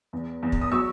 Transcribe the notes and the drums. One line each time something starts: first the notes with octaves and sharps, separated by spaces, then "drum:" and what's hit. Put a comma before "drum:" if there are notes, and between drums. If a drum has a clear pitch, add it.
E2
E2
drum: kick
D#6
F#3 C#6 E6